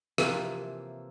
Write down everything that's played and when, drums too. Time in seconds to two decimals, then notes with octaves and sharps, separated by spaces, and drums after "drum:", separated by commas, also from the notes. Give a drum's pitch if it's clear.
0.18 C3 E3 F3 A#3, drum: rim click